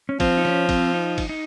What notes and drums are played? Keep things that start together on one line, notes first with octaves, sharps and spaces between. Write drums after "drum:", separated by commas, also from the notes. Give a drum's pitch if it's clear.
C#4
F3 C4, drum: kick, cymbal
D#4
C#4, drum: snare
C4, drum: kick, cymbal
D#4
drum: kick, cymbal
D#4